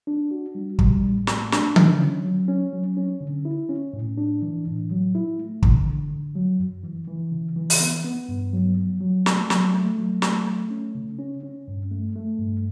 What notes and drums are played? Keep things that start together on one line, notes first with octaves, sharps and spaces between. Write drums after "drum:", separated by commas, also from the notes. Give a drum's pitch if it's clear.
D4
F#4
G3
G3, drum: kick
A2
A3, drum: snare
D4, drum: snare
F#3, drum: tom D3
C#4
F#3
C#4
F#3
C#4
D3
E4
C#4
A2
D4
E3
A2
F#3
E4
A3
D3, drum: kick
D3
D3
F#3
F#2
E3
E3
C#3
E3
drum: open hi-hat
B3
B3
G2
F#3
F#3
F#3
A3, drum: snare
F#3, drum: snare
A3
F#3
A3, drum: snare
A3
C#4
C#3
C#4
C#4
G2
A3
A3
G2